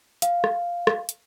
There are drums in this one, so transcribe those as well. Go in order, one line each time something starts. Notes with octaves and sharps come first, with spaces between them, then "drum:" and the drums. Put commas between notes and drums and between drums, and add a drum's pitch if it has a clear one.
F5, drum: hi-hat
drum: rim click
drum: rim click
drum: hi-hat